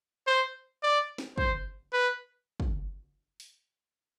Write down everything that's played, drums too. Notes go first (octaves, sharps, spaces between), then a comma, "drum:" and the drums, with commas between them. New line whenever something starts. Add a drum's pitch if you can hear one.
C5
D5
drum: snare
C5, drum: kick
B4
drum: kick
drum: open hi-hat